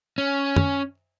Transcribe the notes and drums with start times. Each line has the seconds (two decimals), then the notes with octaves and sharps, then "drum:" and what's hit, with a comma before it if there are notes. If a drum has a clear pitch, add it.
0.18 C#4
0.56 drum: tom